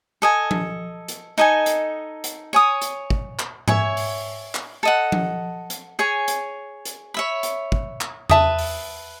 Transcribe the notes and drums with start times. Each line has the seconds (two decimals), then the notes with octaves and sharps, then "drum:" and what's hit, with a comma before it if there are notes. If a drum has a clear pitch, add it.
0.22 A4 D#5 G#5
0.51 drum: tom F3
1.08 drum: hi-hat
1.38 D#4 A4 D#5 G#5
1.66 drum: hi-hat
2.24 drum: hi-hat
2.53 C#5 G#5 D#6
2.82 drum: hi-hat
3.10 drum: kick
3.39 drum: clap
3.68 C#5 E5 G#5, drum: tom G#2
3.97 drum: open hi-hat
4.55 drum: clap
4.83 A4 D#5 F#5
5.12 drum: tom F3
5.70 drum: hi-hat
5.99 G#4 C#5 G#5
6.28 drum: hi-hat
6.85 drum: hi-hat
7.14 C#5 E5 B5
7.43 drum: hi-hat
7.72 drum: kick
8.01 drum: clap
8.30 B4 E5 A5 D#6, drum: tom E2
8.59 drum: open hi-hat